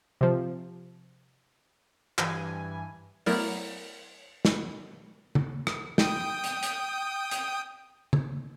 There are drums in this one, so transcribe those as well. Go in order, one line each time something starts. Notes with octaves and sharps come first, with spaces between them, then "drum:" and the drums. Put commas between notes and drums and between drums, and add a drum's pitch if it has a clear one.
C3 F3
G2 E3 G#5, drum: clap
F#3 A3 B3 E4 A#4 D5, drum: open hi-hat
drum: snare
drum: tom C#3
drum: rim click
G5 D#6, drum: snare
drum: hi-hat
drum: hi-hat
drum: hi-hat
drum: tom C#3